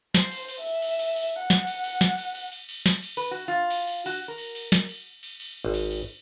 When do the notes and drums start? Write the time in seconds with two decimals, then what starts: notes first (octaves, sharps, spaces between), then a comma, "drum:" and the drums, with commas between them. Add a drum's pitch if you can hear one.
0.15 C5, drum: snare
0.31 drum: cymbal
0.48 drum: cymbal
0.60 E5
0.82 drum: cymbal
0.99 drum: cymbal
1.16 drum: cymbal
1.39 F#5
1.50 drum: snare
1.67 drum: cymbal
1.84 drum: cymbal
2.01 drum: snare
2.18 drum: cymbal
2.35 drum: cymbal
2.52 drum: cymbal
2.69 drum: cymbal
2.86 drum: snare
3.03 drum: cymbal
3.17 B4, drum: cymbal
3.31 F#4
3.48 F4
3.70 drum: cymbal
3.87 drum: cymbal
4.06 F#4, drum: cymbal
4.28 A#4
4.38 drum: cymbal
4.55 drum: cymbal
4.72 drum: snare
4.89 drum: cymbal
5.23 drum: cymbal
5.40 drum: cymbal
5.65 G#1
5.74 drum: cymbal
5.91 drum: cymbal